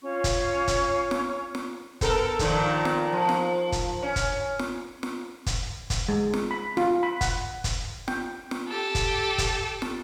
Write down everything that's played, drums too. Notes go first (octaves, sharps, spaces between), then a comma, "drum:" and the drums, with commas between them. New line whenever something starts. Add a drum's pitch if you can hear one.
C#4 F4 C#6
drum: kick, hi-hat
drum: kick, hi-hat
drum: snare
drum: snare
B3 A4 A#4, drum: kick, hi-hat
A#2 D#3 F3, drum: kick, hi-hat
drum: snare
F3
drum: snare
drum: kick, hi-hat
C#4
drum: kick, hi-hat
drum: snare
drum: snare
drum: kick, hi-hat
drum: kick, hi-hat
G#3
drum: snare
B5
F4, drum: snare
B5
F#5, drum: kick, hi-hat
drum: kick, hi-hat
G5, drum: snare
drum: snare
G4 A4
drum: kick, hi-hat
drum: kick, hi-hat
drum: snare